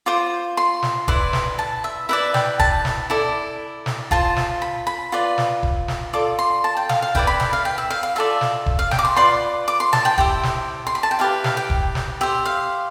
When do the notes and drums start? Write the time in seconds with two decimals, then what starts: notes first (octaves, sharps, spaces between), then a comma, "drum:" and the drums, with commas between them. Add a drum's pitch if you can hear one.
0.06 F4 C5 D6
0.57 C6
0.82 drum: snare
1.08 E4 B4 D5 C6, drum: kick E1
1.33 drum: snare
1.59 A5
1.84 E5
2.09 E4 B4 D5 E5
2.34 G5, drum: snare
2.59 A5, drum: kick E1
2.85 drum: snare
3.10 E4 A4 D5
3.86 drum: snare
4.11 F4 C5 A5, drum: kick E1
4.36 drum: snare
4.62 B5
4.87 B5
5.12 F4 B4 D5
5.38 drum: snare
5.63 drum: kick E1
5.88 drum: snare
6.13 F4 A4 D5 D6
6.39 C6
6.64 A5
6.77 G5
6.89 F5, drum: snare
7.02 F5
7.15 E4 B4 D5 G5, drum: kick E1
7.27 B5
7.40 B5, drum: snare
7.53 F5
7.65 G5
7.78 E5
7.90 F5
8.03 F5
8.16 F4 A4 D5 E5
8.41 drum: snare
8.66 drum: kick E1
8.79 F5
8.91 G5, drum: snare
8.99 D6
9.05 C6
9.16 F4 B4 D5 C6
9.68 D6
9.80 C6
9.93 A5, drum: snare
10.05 G5
10.18 E4 G4 C5 G5, drum: kick E1
10.43 drum: snare
10.87 C6
10.95 B5
11.03 A5
11.11 G5
11.19 E4 G4 B4 F5
11.44 F5, drum: snare
11.57 G5
11.70 drum: kick E1
11.95 drum: snare
12.21 G4 C5 E5
12.45 F5